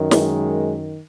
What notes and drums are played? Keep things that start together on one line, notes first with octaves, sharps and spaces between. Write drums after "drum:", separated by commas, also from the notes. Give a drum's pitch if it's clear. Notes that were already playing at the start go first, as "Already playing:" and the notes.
Already playing: F#2 D#3
G#3, drum: snare